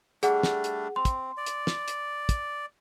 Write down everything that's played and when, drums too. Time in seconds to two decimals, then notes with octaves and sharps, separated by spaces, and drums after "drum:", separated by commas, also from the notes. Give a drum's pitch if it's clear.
0.23 G3 A3 D4 G#4 F#5, drum: hi-hat
0.43 drum: snare
0.64 drum: hi-hat
0.96 C4 C6
1.05 drum: kick, hi-hat
1.37 D5
1.46 drum: hi-hat
1.67 drum: snare
1.88 drum: hi-hat
2.29 drum: kick, hi-hat